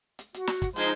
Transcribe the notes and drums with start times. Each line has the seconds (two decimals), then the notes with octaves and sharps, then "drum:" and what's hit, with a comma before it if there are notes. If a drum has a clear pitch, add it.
0.19 drum: hi-hat
0.34 F#4, drum: hi-hat
0.47 drum: snare
0.62 drum: kick, hi-hat
0.76 F3 G#3 D#4 C5, drum: hi-hat